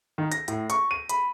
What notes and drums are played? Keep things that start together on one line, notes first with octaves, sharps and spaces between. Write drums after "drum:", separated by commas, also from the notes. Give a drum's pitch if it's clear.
D#3
A#6, drum: hi-hat
A2, drum: hi-hat
C#6, drum: hi-hat
D#7
B5, drum: hi-hat